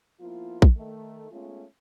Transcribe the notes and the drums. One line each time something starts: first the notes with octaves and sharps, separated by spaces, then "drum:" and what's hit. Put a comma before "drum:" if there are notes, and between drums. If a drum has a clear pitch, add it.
F3 A#3 B3 E4 F4
drum: kick
D#3 A3
G#3 A3 B3 C#4 F4